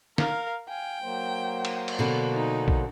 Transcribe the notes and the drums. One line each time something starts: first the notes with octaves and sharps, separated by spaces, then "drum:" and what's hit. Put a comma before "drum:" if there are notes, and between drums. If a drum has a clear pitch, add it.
A#4 F5, drum: snare
F5 G5 G#5
F#3 A#3 C5
drum: cymbal
drum: cymbal
B2 D3
D#4
drum: kick